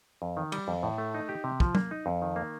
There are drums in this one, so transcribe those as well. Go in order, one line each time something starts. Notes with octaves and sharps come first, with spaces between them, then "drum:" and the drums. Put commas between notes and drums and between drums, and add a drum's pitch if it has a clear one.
F2
D#3
G3, drum: cymbal
F2
A2
A3
D#4
G4
C3
F3, drum: kick
A#3, drum: tom F#3
D#4
F2
D#3
A#3